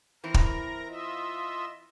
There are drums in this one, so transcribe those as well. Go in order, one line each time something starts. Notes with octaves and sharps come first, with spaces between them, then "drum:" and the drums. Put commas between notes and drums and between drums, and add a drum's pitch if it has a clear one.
E3 C4 E4 A#4 A#5
drum: kick
F4 D#5 E5